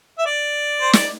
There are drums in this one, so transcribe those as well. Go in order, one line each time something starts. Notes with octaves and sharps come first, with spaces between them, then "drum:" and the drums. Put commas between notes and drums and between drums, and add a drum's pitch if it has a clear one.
E5
D5
C5
D5, drum: snare